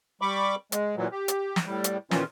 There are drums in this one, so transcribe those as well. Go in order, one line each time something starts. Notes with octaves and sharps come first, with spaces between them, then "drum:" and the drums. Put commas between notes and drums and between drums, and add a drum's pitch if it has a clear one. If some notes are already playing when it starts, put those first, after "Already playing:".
G3 B5 C#6 D6
G#3, drum: hi-hat
A#2 E3 F#3
G4
drum: hi-hat
drum: snare
A2 G3
drum: hi-hat
A#2 D#3 E3 C#4 F4, drum: snare